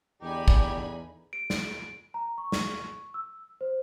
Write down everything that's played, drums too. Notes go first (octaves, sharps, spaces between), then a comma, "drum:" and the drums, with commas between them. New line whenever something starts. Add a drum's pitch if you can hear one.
E2 D3 D#4 G4 G#5 B5
drum: kick
D7
drum: snare
A#5
C#6
drum: snare
E6
C5